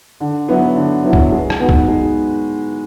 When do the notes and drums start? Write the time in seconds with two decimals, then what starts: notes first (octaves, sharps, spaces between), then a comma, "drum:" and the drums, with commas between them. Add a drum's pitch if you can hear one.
0.20 D3
0.48 F#3 B3 E4
0.76 D3
1.04 F#3 B3 E4
1.13 drum: kick C2
1.32 G#3
1.50 drum: rim click
1.60 B3 D#4 F#4 B4
1.69 drum: kick C2
1.88 G#3